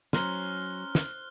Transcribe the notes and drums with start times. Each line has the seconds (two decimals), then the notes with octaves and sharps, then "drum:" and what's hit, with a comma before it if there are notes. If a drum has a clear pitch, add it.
0.13 F#3 C#4 C5 A#5 F6 F#6 D#7 G7, drum: snare
0.95 drum: snare